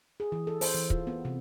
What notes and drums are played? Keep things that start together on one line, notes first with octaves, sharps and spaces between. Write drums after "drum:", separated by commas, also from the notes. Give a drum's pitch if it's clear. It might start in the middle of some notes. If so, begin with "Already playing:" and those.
G#4
E3
A4
C5, drum: open hi-hat
E3
F4, drum: kick
B3
C3